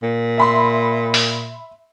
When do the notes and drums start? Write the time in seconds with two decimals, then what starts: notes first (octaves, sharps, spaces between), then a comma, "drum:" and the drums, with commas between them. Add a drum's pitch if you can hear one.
0.03 A#2
0.38 E5 B5 C6
1.14 drum: open hi-hat